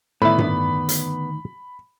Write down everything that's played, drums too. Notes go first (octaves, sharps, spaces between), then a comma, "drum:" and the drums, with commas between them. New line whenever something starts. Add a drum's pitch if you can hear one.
D2 A2 D#3 B3 E4 D5 B5
drum: tom G2
drum: hi-hat